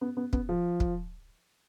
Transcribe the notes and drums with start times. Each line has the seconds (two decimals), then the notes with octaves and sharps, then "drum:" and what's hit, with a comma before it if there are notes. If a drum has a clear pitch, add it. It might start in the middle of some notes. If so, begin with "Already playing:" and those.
0.01 B3
0.17 B3
0.33 B3, drum: kick
0.49 F3
0.80 drum: kick